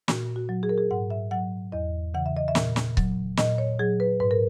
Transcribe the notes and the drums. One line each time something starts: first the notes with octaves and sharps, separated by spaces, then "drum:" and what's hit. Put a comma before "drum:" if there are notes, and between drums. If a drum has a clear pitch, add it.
A#2 F#4, drum: snare
F#4
F#3
G#4
A#4
G#4
G#2 F#5
E5
F#3 F#5
E2 D#5
C#3 E3 F#5
E5
D#5
E5
A#2, drum: snare
drum: snare
F#3, drum: kick C#1
A#2 D#5, drum: snare
C#5
F#3 G#4
B4
G#2 B4
A#4